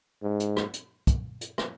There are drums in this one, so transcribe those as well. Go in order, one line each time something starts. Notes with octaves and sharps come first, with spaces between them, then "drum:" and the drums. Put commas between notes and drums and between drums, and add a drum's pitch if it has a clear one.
G#2
drum: hi-hat
drum: rim click
drum: hi-hat
drum: kick, hi-hat
drum: hi-hat
drum: rim click